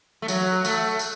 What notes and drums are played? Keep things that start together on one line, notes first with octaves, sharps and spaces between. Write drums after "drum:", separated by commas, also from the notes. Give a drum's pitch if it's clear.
A3
F#3, drum: tambourine
A3, drum: tambourine
drum: tambourine